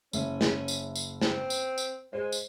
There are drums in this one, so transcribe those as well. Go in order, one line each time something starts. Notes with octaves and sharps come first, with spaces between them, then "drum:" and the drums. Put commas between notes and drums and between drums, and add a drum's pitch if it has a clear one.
F#1 C#4 E5, drum: tambourine
drum: snare
drum: tambourine
drum: tambourine
C4, drum: snare
drum: tambourine
drum: tambourine
G#3 C5
drum: tambourine